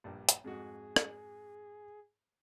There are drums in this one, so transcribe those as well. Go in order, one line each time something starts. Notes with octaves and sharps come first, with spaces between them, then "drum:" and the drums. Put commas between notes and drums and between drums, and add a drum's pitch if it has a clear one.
A#1 G2
drum: hi-hat
F2 G#2 F#4 G#4
drum: rim click